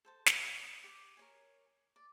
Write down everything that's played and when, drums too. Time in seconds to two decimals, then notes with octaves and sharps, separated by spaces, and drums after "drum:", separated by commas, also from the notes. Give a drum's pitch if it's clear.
0.05 A4 C5 A5
0.26 G#4 C#5 F5, drum: snare
0.63 D#6
0.84 G4
1.17 A#4 C#5 G#5
1.96 D5